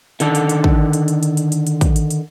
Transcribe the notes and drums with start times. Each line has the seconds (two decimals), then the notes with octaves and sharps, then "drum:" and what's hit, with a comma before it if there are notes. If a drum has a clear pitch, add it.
0.20 D3 D#3 A4, drum: hi-hat
0.35 drum: hi-hat
0.49 drum: hi-hat
0.64 drum: kick
0.93 drum: hi-hat
1.08 drum: hi-hat
1.23 drum: hi-hat
1.37 drum: hi-hat
1.52 drum: hi-hat
1.67 drum: hi-hat
1.81 drum: kick, hi-hat
1.96 drum: hi-hat
2.11 drum: hi-hat